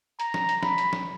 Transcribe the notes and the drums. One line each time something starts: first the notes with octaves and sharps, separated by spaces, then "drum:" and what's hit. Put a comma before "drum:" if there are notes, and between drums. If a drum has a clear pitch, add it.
A#5, drum: hi-hat
drum: snare
drum: hi-hat
B5, drum: snare
drum: hi-hat
drum: snare